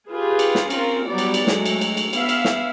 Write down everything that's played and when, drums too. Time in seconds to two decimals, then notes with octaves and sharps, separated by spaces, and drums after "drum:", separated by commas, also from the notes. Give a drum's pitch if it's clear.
0.12 F4 G4 G#4 B4
0.39 drum: cymbal
0.55 drum: snare
0.70 C4 C#4 F4 A#4, drum: cymbal
1.09 F#3 G3 B3 D5
1.18 drum: cymbal
1.34 drum: cymbal
1.47 F#3 G#3 A3, drum: snare
1.66 drum: cymbal
1.81 drum: cymbal
1.97 drum: cymbal
2.13 B3 E5 F5, drum: cymbal
2.29 drum: cymbal
2.45 drum: snare